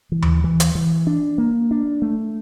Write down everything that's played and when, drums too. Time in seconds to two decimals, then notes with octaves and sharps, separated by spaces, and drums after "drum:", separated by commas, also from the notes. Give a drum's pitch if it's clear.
0.12 E3
0.22 drum: tom D#2
0.44 E3
0.60 drum: hi-hat
0.75 E3
1.07 D4
1.38 A#3
1.71 D4
2.02 A3